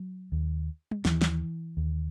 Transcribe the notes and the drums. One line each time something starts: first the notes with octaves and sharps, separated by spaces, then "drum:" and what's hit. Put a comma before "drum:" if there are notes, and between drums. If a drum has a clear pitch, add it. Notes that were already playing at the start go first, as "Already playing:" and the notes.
Already playing: F#3
D#2
drum: tom
D#2 E3, drum: snare
drum: snare
D#2